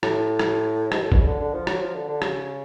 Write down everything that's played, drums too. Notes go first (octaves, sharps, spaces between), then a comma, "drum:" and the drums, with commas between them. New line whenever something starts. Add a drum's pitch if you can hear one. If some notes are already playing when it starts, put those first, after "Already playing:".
A2, drum: rim click
drum: rim click
G#2, drum: rim click
A2
B2, drum: kick
C#3
D3
D3
F3
F#3, drum: rim click
F3
D3
D3
C#3, drum: rim click